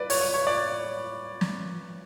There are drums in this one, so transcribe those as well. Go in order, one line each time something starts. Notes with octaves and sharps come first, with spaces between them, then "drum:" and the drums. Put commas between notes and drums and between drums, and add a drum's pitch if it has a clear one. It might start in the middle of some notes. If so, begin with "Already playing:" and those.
Already playing: B4 D5
C#5, drum: open hi-hat
C#5
C#5
D5
drum: snare